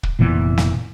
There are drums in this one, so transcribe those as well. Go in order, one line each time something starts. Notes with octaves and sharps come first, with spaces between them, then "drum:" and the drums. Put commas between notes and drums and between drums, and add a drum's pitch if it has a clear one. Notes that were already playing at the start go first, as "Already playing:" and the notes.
drum: kick
F1 A#2 E3 B3
drum: snare